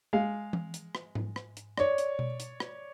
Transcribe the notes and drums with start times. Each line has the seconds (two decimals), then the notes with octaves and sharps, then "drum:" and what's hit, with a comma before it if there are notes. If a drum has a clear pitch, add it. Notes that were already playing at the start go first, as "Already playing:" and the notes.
0.13 G#3 F5
0.53 drum: tom E3
0.74 drum: hi-hat
0.95 drum: rim click
1.15 drum: tom G#2
1.36 drum: rim click
1.57 drum: hi-hat
1.78 C#5 D5, drum: rim click
1.98 drum: hi-hat
2.19 drum: tom B2
2.40 drum: hi-hat
2.60 drum: rim click